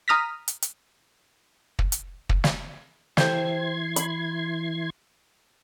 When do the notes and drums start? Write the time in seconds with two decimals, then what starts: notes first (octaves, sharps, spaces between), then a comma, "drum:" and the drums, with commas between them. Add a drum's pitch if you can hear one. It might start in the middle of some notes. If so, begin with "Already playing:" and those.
0.08 A#5 D#6 F6 A#6 B6
0.48 drum: hi-hat
0.62 drum: hi-hat
1.79 drum: kick
1.92 drum: hi-hat
2.29 drum: kick
2.44 drum: snare
3.17 E3 G4 A4 C5 C6 G#6, drum: snare
3.96 B5, drum: hi-hat